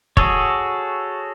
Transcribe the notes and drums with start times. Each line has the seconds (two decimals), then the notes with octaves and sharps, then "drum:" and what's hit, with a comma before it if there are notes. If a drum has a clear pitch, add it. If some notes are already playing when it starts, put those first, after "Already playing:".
0.17 F#4 G#4 A4 C#5, drum: kick